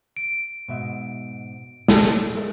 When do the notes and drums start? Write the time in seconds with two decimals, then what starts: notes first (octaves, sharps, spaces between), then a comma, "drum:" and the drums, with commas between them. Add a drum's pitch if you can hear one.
0.17 D7
0.68 G#2 B2 E5
1.88 A3 A5, drum: snare
2.35 G#3 A3 A#4